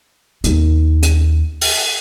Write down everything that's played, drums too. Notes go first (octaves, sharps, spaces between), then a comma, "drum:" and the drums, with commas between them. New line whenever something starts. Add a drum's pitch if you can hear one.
D#2 D#4, drum: hi-hat
drum: hi-hat
drum: open hi-hat